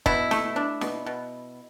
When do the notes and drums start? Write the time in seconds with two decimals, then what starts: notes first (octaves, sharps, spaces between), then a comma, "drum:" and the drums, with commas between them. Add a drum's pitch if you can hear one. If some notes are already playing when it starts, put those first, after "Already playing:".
0.06 B2 E4, drum: kick
0.31 A3, drum: snare
0.56 D4
0.81 B2, drum: snare
1.06 B2